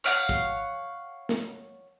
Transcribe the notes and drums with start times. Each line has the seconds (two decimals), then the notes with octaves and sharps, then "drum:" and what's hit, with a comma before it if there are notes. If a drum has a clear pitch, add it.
0.04 C#5 F5 F#5
0.29 drum: kick
1.29 drum: snare